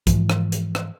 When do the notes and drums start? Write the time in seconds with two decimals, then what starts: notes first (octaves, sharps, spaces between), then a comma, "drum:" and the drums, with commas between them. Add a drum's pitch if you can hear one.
0.07 G#2 E3 F3, drum: kick, hi-hat
0.30 drum: rim click
0.52 drum: hi-hat
0.75 drum: rim click